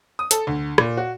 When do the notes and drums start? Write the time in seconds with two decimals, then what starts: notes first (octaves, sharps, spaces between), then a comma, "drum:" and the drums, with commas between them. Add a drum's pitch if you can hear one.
0.19 D#6
0.31 A4, drum: hi-hat
0.47 D2
0.78 A#2, drum: rim click
0.97 F#4